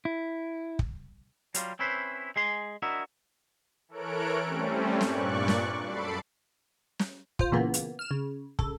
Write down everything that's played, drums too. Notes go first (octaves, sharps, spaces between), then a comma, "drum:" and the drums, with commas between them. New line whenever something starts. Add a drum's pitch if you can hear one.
E4
drum: kick
F#3 G3 F4, drum: hi-hat
C4 C#4 E4 B4 C5
G#3 G#4 C6
D4 E4 F#4 A#4 D#5 E5
E3 A4 A#4 C#5 F#6 D7
G3 A3 C4 C#4
G2 A#2 D5 C#6 F#6, drum: snare
drum: snare
F#2 A4 B5 A6 C7 D7
drum: snare
F4 C5, drum: kick
A#2 C#3 E3 A#3 B3
drum: hi-hat
F6 E7
C#3
C#3 A4, drum: kick